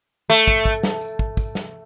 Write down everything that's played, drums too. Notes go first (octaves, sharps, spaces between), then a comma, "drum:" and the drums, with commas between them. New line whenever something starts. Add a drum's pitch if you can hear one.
A3, drum: tambourine
drum: kick
drum: kick, tambourine
drum: snare
drum: tambourine
drum: kick
drum: kick, tambourine
drum: snare